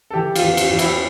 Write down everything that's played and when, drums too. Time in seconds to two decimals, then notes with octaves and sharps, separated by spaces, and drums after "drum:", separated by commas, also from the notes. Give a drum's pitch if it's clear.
0.10 A4
0.14 E3 G4
0.35 F4, drum: cymbal
0.43 E2
0.57 drum: cymbal
0.72 E2
0.79 E4, drum: cymbal